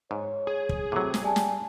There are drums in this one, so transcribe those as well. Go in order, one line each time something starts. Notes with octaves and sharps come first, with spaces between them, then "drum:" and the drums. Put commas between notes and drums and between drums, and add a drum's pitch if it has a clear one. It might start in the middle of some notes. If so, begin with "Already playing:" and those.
G#2 C#5
G#4
drum: kick
A2 C3 F#3 D6
drum: snare
G3 D5 G#5 A5
drum: snare